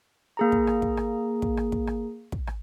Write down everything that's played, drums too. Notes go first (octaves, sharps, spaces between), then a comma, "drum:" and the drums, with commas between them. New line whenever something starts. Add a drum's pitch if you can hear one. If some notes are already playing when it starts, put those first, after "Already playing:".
A#3 G#4 A#5
drum: kick
drum: rim click
drum: kick
drum: rim click
drum: kick
drum: rim click
drum: kick
drum: rim click
drum: kick
drum: rim click